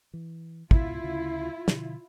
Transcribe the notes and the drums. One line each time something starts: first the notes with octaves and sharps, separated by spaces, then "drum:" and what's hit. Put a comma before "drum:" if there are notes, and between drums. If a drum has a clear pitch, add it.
E3
C#2 G#2 B2 E4 F4, drum: kick
D2 C#3
B2 D3 F3, drum: snare